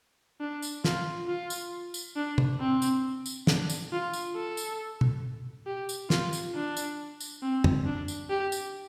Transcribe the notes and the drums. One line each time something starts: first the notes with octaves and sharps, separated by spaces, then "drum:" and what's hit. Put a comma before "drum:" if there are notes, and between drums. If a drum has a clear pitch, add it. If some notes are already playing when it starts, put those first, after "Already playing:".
D4
drum: tambourine
F4, drum: snare
F4
drum: tambourine
drum: tambourine
D4
drum: tom
C4
drum: tambourine
drum: tambourine
D4, drum: snare
drum: tambourine
F4
drum: tambourine
A4
drum: tambourine
drum: tom
G4
drum: tambourine
F4, drum: snare
drum: tambourine
D4
drum: tambourine
drum: tambourine
C4
drum: tom
D4
drum: tambourine
G4
drum: tambourine